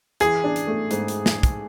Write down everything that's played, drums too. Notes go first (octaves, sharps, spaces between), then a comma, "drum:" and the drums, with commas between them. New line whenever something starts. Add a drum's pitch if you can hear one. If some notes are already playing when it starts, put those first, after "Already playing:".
E3 G#4, drum: hi-hat
D4
drum: hi-hat
A3
G#2, drum: hi-hat
drum: hi-hat
drum: snare
drum: kick, hi-hat